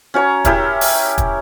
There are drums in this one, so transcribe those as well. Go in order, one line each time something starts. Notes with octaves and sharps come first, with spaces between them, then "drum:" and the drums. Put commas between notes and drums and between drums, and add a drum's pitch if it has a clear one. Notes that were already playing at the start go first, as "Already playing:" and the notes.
C#4 F#4 C#5 A#5
C#4 E4 G4 A#4, drum: kick, hi-hat
drum: open hi-hat
drum: kick, hi-hat